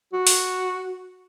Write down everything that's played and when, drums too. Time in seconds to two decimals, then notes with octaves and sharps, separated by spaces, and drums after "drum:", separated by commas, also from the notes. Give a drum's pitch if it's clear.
0.13 F#4
0.27 drum: open hi-hat